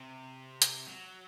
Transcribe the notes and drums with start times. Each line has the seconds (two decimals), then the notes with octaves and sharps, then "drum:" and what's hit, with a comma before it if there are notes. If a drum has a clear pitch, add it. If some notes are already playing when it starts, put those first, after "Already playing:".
Already playing: C3
0.62 drum: hi-hat
0.87 F#3